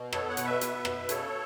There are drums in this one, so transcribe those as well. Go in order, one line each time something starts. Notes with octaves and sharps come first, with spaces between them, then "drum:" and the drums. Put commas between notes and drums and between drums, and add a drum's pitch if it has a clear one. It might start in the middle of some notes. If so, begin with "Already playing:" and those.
Already playing: B2
B3 A4 C#5, drum: rim click
C#5 F#5
B2, drum: hi-hat
B4 E5
B3, drum: hi-hat
B2, drum: rim click
C#3 A4 C#5, drum: hi-hat